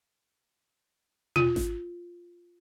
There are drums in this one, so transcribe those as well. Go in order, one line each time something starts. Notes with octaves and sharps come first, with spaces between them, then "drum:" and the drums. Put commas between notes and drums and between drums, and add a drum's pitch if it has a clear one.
F4, drum: tom B2
drum: snare G#1